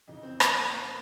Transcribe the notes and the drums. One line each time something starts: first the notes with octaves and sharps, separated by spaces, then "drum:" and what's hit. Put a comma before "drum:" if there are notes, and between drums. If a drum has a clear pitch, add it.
F2 C#3 E3 D#4
C4
B3, drum: rim click
A#3
A#3